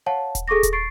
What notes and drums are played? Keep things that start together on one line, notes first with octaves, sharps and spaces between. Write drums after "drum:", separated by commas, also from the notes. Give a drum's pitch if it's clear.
C#5 F5 F#5 A5
drum: kick D#1, hi-hat
G#4 A4 C#6 D6 A#6
drum: kick D#1, hi-hat
C#6 A6 C7 D7